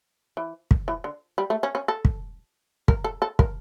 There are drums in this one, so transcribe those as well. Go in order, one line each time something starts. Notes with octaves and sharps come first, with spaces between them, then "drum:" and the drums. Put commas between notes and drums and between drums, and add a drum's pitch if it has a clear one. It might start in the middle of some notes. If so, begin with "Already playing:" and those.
E3
drum: kick
E3
D3
G3
A3
C#4
C#4
A4
drum: kick
A#4, drum: kick
A4
A4
A#4, drum: kick